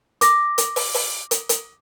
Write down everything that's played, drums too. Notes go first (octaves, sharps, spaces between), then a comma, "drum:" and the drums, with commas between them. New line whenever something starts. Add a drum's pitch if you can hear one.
D6 A#6, drum: hi-hat
drum: hi-hat
drum: open hi-hat
drum: open hi-hat
drum: hi-hat
drum: hi-hat